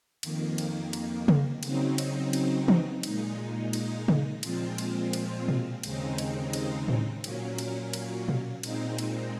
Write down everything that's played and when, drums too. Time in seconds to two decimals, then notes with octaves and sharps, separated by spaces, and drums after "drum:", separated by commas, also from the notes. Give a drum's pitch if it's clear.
0.23 F2 D#3 A#3, drum: cymbal
0.58 drum: cymbal
0.93 drum: cymbal
1.28 drum: tom C#3
1.63 C#3 F#3 C4 D#4, drum: cymbal
1.98 drum: cymbal
2.33 drum: cymbal
2.68 drum: tom E3
3.03 A#2 G#3 D#4, drum: cymbal
3.73 drum: cymbal
4.08 drum: tom C#3
4.43 A#2 F3 G#3 C4 F4, drum: cymbal
4.78 drum: cymbal
5.13 drum: cymbal
5.48 drum: tom B2
5.83 D#2 C#3 G#3 C4 D#4, drum: cymbal
6.18 drum: cymbal
6.53 drum: cymbal
6.88 drum: tom A2
7.24 A#2 F#3 A#3 C#4, drum: cymbal
7.58 drum: cymbal
7.93 drum: cymbal
8.28 drum: tom B2
8.63 A#2 G#3 C4 D#4, drum: cymbal
8.98 drum: cymbal